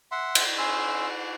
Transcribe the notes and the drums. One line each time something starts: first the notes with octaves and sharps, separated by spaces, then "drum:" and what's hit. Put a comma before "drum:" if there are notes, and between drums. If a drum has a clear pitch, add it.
E5 F#5 C6
drum: cymbal
C#4 C6 E6